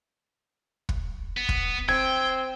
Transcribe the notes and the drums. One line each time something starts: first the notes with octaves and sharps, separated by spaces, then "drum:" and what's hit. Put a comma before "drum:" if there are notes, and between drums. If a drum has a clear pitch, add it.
drum: kick
B3
drum: kick
C4 G5 G#6